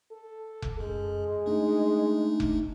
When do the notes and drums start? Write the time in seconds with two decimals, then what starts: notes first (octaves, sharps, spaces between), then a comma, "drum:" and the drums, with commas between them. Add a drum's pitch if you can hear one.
0.12 A4
0.62 drum: kick F1
0.80 F#2 G#3
1.46 A3 D4 D#4
2.40 drum: kick F1